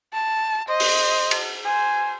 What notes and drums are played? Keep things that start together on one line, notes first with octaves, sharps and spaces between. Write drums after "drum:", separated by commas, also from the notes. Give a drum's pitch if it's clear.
A5
C5 D#5
drum: open hi-hat
drum: cymbal
C5 G#5